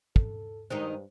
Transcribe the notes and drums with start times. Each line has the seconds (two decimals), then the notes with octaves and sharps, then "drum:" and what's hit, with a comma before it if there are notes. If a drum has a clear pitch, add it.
0.16 A4, drum: kick
0.70 G2 D#3 G#3 D#4 C5